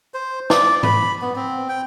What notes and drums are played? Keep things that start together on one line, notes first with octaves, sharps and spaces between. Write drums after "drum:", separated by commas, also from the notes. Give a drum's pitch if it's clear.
C5
D5, drum: snare
B5, drum: tom G#2
B3
C4
G5